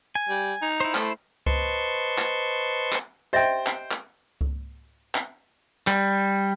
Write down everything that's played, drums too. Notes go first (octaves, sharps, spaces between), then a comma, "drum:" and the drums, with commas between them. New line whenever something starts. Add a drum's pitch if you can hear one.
G#5
G3
D#4
E4 C5
A3, drum: clap
B4 C5 D#5 A5 C6 C#6, drum: kick C#2
drum: clap
drum: clap
G4 C5 D#5 E5 G5
drum: clap
drum: clap
drum: kick C#2
drum: clap
G3, drum: clap